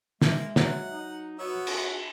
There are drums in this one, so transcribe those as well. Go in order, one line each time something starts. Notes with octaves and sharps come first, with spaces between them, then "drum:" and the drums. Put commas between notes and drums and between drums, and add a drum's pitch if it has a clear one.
G#3 A#3 E5, drum: snare
F#3 F#5, drum: snare
D#4
B3 F#4 C#5 E5
drum: cymbal